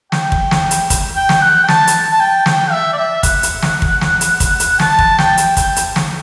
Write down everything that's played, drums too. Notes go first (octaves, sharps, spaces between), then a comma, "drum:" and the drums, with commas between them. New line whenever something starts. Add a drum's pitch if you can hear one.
G5, drum: snare
drum: kick
drum: snare
drum: hi-hat
drum: kick, hi-hat
G5
drum: snare
F#5
G5
A5, drum: snare
drum: hi-hat
A5
G5
G5, drum: snare
E5
D5
E5
F#5, drum: kick, hi-hat
drum: hi-hat
drum: snare
drum: kick
drum: snare
drum: hi-hat
drum: kick, hi-hat
drum: hi-hat
A5, drum: snare
drum: kick
G5, drum: snare
drum: hi-hat
G5, drum: kick, hi-hat
drum: hi-hat
drum: snare